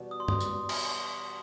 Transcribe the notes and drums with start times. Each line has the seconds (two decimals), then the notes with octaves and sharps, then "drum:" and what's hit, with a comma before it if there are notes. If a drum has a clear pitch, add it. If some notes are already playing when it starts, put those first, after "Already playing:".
Already playing: E2 B2 G3 B3 F#4
0.11 D#6
0.20 C6
0.28 D#6, drum: tom
0.40 drum: tambourine
0.69 drum: cymbal